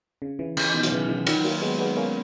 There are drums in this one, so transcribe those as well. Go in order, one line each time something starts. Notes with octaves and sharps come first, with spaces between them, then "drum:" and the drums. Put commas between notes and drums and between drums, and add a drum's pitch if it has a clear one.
C#3
C#3 E3
C#3 E3, drum: cymbal
B2 D#3
F#3, drum: hi-hat
C#3 E3
C#3 E3
D#3 F#3, drum: cymbal
F#3 A#3, drum: open hi-hat
G#3 B3
G#3 B3
A#3 C#4